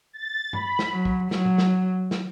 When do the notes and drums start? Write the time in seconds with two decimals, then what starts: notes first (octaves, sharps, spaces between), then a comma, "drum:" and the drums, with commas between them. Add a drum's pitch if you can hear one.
0.13 A6
0.53 B5, drum: tom G2
0.79 drum: snare
0.93 F#3
1.05 drum: kick
1.31 F#3, drum: snare
1.45 drum: tom A#2
1.58 drum: snare
2.11 drum: snare